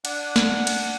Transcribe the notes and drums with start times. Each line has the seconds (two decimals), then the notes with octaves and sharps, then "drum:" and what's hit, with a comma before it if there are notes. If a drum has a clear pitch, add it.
0.05 D4 F#5, drum: cymbal
0.36 drum: snare
0.67 drum: cymbal